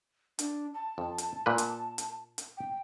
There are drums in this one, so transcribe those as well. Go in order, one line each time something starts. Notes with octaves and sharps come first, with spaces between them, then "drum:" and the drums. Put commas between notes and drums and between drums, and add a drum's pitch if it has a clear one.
D4, drum: hi-hat
A5
F2
drum: hi-hat
A#2 A#3 B4
drum: hi-hat
drum: hi-hat
drum: hi-hat
G5